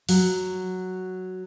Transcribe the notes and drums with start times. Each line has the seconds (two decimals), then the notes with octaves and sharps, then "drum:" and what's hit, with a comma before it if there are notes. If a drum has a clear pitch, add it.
0.09 F#3, drum: open hi-hat